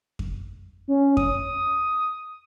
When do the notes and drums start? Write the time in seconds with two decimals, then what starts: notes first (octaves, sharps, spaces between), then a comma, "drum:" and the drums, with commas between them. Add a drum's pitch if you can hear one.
0.19 drum: kick F2
0.88 C#4
1.17 D#6, drum: kick F2